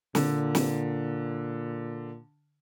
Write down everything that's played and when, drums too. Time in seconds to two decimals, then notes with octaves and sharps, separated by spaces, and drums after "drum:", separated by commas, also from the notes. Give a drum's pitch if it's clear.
0.15 A#2 D3, drum: snare
0.55 drum: snare